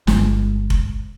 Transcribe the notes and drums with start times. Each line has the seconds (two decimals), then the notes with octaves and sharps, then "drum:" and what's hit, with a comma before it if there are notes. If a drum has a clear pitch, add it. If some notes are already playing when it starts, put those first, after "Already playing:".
0.07 G1 G#3, drum: snare
0.70 drum: kick F1